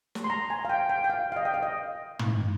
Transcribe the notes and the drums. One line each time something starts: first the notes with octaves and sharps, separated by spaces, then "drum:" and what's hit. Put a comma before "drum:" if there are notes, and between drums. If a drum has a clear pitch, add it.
drum: snare
C6
A#5
G#5
F5
G5
G5
G5
F5
F5
D#5
G5
F5
D#5
drum: tom